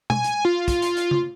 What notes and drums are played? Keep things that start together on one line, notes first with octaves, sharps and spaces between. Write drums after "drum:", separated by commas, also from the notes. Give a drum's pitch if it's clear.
G#5, drum: tom B2
drum: hi-hat
F4
drum: kick, hi-hat
drum: hi-hat
drum: hi-hat
drum: tom